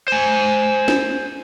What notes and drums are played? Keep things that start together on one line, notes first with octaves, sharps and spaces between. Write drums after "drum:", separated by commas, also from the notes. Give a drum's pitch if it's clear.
C5 G#5
drum: snare